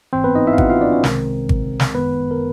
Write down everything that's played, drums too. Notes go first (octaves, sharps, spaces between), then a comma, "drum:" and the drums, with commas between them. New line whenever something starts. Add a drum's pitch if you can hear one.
G#1 G#2 E3 C4 C5
B3 B4
D#4 D#5
E4 E5
F5
F#4 F#5, drum: kick G#1
F4 F5
D4 D5
C#4 C#5
C2 C3 D#3 G#3 C4 A#4, drum: snare
drum: kick G#1
drum: snare
G1 F#2 D#3 G#3 B3 B4
A#4